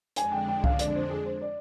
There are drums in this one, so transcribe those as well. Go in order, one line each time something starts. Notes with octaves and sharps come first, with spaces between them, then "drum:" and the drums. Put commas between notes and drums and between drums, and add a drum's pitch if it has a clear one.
F2 D3 G#3 D4 G#5, drum: hi-hat
G5
G5
F5, drum: kick C2
D5, drum: hi-hat
C5
G#4
C5
D5